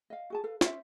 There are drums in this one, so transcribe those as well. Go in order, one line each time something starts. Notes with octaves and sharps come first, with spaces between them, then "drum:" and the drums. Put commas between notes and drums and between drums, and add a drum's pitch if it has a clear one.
D#5 F5
F#4 G#4 A5
A4 B4 F5
C#4 C5 E5, drum: snare